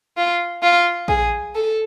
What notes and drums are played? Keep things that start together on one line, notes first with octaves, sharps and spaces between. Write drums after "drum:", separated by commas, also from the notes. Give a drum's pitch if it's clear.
F4
F4
G#4, drum: kick
A4